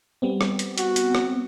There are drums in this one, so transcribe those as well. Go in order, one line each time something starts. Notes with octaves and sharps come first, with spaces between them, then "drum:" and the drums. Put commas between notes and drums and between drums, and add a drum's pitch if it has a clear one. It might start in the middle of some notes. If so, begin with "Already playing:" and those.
G3 B3 C4
drum: rim click
drum: hi-hat
F#4, drum: hi-hat
drum: hi-hat
drum: rim click